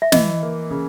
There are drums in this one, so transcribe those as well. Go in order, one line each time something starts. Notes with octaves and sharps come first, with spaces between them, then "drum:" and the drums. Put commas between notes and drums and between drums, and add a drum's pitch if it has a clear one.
E5
E3 D#5, drum: snare
A#3
C#3